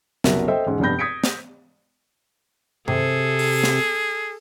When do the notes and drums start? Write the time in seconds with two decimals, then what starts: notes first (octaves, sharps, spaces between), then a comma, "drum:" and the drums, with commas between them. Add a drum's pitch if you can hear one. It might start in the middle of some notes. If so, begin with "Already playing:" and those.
0.24 F#1 C2 B3 F#4 A#4 E5, drum: snare
0.48 A4 C5 D#5 E5 G5
0.66 E1 G#2 C#4
0.80 F1 G2 B3 B5 G6 A#6
0.99 D#6 G#6 B6 C#7 D7
1.24 drum: snare
2.88 C3 G#4 A4, drum: tom G2
3.39 drum: open hi-hat
3.64 drum: snare